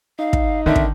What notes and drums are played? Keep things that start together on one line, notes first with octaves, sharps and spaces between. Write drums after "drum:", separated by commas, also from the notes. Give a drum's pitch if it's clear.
D#4 F5
drum: kick
D3 D#3 C4 E5
drum: kick